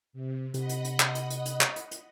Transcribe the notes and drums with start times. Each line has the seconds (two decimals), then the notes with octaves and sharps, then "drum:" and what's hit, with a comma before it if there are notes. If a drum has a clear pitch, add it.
0.13 C3
0.54 C3 D#5 F#5 B5, drum: hi-hat
0.69 drum: hi-hat
0.85 drum: hi-hat
1.00 drum: clap
1.15 drum: hi-hat
1.30 drum: hi-hat
1.46 drum: hi-hat
1.61 drum: clap
1.76 drum: hi-hat
1.91 drum: hi-hat